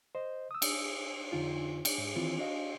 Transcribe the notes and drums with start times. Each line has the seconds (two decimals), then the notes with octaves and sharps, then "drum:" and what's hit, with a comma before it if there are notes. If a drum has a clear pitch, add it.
0.15 C5 D#5
0.51 D#6 E6
0.62 drum: cymbal
1.32 F2 D3 D#4 F4
1.85 drum: cymbal
1.98 G#2
2.16 D#3 E3 C4 E4 F4
2.38 D4 F#4 D#5 F5